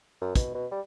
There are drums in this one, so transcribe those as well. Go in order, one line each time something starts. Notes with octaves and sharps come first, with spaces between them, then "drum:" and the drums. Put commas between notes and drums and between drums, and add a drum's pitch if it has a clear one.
F#2
B2, drum: kick, hi-hat
B2
G3